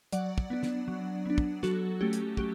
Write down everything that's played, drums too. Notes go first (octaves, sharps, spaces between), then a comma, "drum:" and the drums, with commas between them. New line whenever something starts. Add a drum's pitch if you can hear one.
F#3 D5 F#5, drum: hi-hat
drum: kick
B3 D4
drum: snare
F#3
B3 D4
drum: kick
F#3 F#4 A4, drum: snare
A3 C#4 G4
drum: hi-hat
F#3 G4, drum: kick